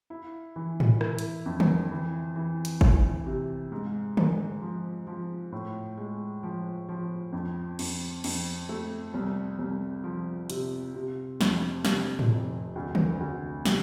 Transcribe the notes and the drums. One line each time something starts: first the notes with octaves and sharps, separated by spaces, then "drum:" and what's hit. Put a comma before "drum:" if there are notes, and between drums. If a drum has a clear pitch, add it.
E4
E3
drum: tom G#2
E4, drum: rim click
drum: hi-hat
F2
drum: tom D3
E3
E3
drum: hi-hat
E3, drum: kick G1
C3
G#2
G#2, drum: tom D3
F3
F3
A2
G#3
F3
F3
F2
F2, drum: cymbal
F2, drum: cymbal
A3
C2
C2
F3
C3, drum: hi-hat
C3
F2, drum: snare
C3, drum: snare
drum: tom G#2
F1
D2
drum: tom D3
D2
C3, drum: snare